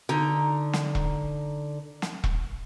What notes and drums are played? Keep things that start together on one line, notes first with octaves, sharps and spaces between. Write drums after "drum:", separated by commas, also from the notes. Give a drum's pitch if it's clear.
D3 D#4 A#5
drum: snare
drum: kick E1
drum: snare
drum: kick E1